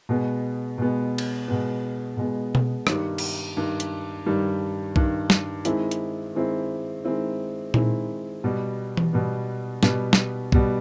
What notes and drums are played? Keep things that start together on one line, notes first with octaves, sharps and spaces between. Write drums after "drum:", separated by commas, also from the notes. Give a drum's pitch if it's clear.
B2 G#3 B3
B2 G#3 B3
drum: cymbal
B2 G#3 B3
B2 G#3 B3
drum: tom B2
G2 D#3 G3, drum: rim click
drum: cymbal
G2 D#3 G3
drum: hi-hat
G2 D#3 G3
G2 D#3 G3, drum: kick
drum: snare
D#3 G#3 C4 E4, drum: hi-hat
drum: hi-hat
D#3 G#3 C4 E4
D#3 G#3 C4 E4
D#3 G#3 C4 E4, drum: tom A#2
B2 G3 B3
drum: tom E3
B2 G3 B3
B2 G3 B3, drum: snare
drum: snare
B2 G3 B3, drum: kick